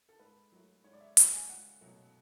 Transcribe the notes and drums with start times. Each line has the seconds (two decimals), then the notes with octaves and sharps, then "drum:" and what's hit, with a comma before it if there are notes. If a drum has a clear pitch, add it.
0.09 A4
0.20 G#2 B4
0.52 F#3 A3
0.84 G#2 C#5
0.93 D5
1.01 E5
1.17 F#3 A3 F#5, drum: hi-hat
1.33 G#5
1.49 C#2 F#5
1.81 B2 F#3 A3